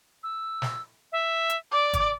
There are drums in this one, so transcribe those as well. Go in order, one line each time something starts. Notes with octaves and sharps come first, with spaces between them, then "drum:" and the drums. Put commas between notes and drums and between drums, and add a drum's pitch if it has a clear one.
E6
drum: snare
E5
drum: hi-hat
D5 D6
drum: kick, hi-hat